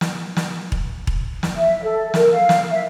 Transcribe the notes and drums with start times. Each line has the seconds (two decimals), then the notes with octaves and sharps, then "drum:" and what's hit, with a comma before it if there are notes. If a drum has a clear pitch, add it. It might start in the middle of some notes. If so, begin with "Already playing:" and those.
0.01 drum: snare
0.37 drum: snare
0.72 drum: kick E1
1.07 drum: kick E1
1.43 drum: snare
1.57 E5
1.83 A4
2.14 A#4, drum: snare
2.31 F5
2.49 drum: snare
2.71 E5